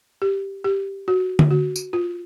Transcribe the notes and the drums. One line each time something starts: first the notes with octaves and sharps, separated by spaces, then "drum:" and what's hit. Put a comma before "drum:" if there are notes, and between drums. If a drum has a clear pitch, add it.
G4
G4
F#4
drum: tom D3
F#4
drum: tambourine
F4